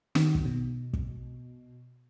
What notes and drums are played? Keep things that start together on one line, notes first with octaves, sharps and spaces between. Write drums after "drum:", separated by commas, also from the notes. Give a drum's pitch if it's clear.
D#3, drum: snare
drum: kick
B2
drum: kick